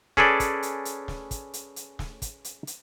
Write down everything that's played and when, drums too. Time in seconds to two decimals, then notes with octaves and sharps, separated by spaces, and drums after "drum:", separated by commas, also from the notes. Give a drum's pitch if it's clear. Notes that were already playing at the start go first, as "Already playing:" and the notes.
0.17 C#4 G#4 A4 B4 D5, drum: snare
0.40 drum: kick, hi-hat
0.63 drum: hi-hat
0.85 drum: hi-hat
1.08 drum: snare
1.31 drum: kick, hi-hat
1.54 drum: hi-hat
1.76 drum: hi-hat
1.99 drum: snare
2.22 drum: kick, hi-hat
2.44 drum: hi-hat
2.67 drum: hi-hat